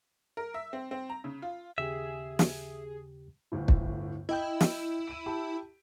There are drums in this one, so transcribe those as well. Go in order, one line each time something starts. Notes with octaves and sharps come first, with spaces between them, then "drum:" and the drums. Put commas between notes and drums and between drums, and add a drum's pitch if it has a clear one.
A#4
E5
C4
C4
A#5
C#3
F4
D#2 C#3 G4 G#4 E5
drum: snare
G1 D2 A2
drum: kick
E4 D#5 G5 G6
drum: snare
D7 D#7
G4 A5 B5